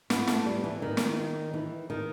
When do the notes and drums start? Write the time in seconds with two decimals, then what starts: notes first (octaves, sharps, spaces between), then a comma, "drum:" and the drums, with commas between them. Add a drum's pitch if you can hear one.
0.10 B3, drum: snare
0.27 A3, drum: snare
0.46 G3
0.64 E3
0.82 D#3
0.97 drum: snare
1.54 E3
1.90 D#3